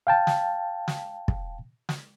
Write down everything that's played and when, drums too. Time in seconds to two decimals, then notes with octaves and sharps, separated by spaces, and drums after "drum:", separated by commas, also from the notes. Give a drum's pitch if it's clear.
0.07 F5 G5 A5
0.27 drum: snare
0.88 drum: snare
1.28 drum: kick
1.89 drum: snare